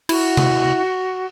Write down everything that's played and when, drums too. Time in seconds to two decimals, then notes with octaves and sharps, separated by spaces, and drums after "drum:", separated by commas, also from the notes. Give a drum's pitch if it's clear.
0.09 E4 F#4, drum: cymbal
0.37 drum: tom C3